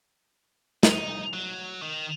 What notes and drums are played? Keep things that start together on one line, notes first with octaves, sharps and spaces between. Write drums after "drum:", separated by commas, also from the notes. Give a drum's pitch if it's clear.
D#4, drum: snare
F#3
D#3